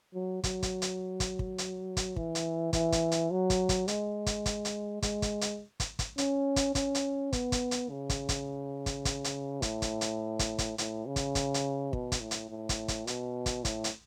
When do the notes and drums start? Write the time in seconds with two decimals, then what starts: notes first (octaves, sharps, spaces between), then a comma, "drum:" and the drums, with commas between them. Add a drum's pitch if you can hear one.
0.14 F#3
0.44 F#3, drum: kick, hi-hat
0.63 drum: kick, hi-hat
0.82 drum: hi-hat
1.20 drum: kick, hi-hat
1.39 drum: kick
1.58 drum: hi-hat
1.97 drum: kick, hi-hat
2.16 E3, drum: kick
2.35 drum: hi-hat
2.73 E3, drum: kick, hi-hat
2.92 drum: kick, hi-hat
3.12 drum: hi-hat
3.31 F#3
3.50 drum: kick, hi-hat
3.69 drum: kick, hi-hat
3.88 G#3, drum: hi-hat
4.26 drum: kick, hi-hat
4.46 drum: kick, hi-hat
4.65 drum: hi-hat
5.02 G#3, drum: kick, hi-hat
5.22 drum: kick, hi-hat
5.41 drum: hi-hat
5.80 drum: kick, hi-hat
5.99 drum: kick, hi-hat
6.18 C#4, drum: hi-hat
6.56 drum: kick, hi-hat
6.75 C#4, drum: kick, hi-hat
6.95 drum: hi-hat
7.33 B3, drum: kick, hi-hat
7.52 drum: kick, hi-hat
7.71 drum: hi-hat
7.90 C#3
8.09 drum: kick, hi-hat
8.29 drum: kick, hi-hat
8.86 drum: kick, hi-hat
9.05 drum: kick, hi-hat
9.24 drum: hi-hat
9.62 A2, drum: kick, hi-hat
9.82 drum: kick, hi-hat
10.01 drum: hi-hat
10.39 drum: kick, hi-hat
10.58 drum: kick, hi-hat
10.78 A2, drum: hi-hat
11.06 C#3
11.16 drum: kick, hi-hat
11.35 drum: kick, hi-hat
11.54 drum: hi-hat
11.93 B2, drum: kick
12.12 drum: kick, hi-hat
12.21 A2
12.31 drum: hi-hat
12.50 A2
12.69 drum: kick, hi-hat
12.88 drum: kick, hi-hat
13.07 B2, drum: hi-hat
13.46 drum: kick, hi-hat
13.65 A2, drum: kick, hi-hat
13.84 drum: hi-hat